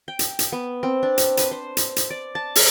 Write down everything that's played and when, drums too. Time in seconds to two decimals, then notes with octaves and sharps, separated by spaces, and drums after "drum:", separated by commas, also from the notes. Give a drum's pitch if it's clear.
0.08 G5
0.19 drum: hi-hat
0.39 drum: hi-hat
0.52 B3
0.83 C4
1.03 D4
1.18 drum: hi-hat
1.37 B4, drum: hi-hat
1.51 C5
1.77 drum: hi-hat
1.96 drum: hi-hat
2.10 D5
2.35 A5
2.56 drum: open hi-hat